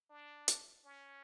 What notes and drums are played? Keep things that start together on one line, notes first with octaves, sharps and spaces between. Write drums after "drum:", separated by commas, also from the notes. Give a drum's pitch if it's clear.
D4
drum: hi-hat
C#4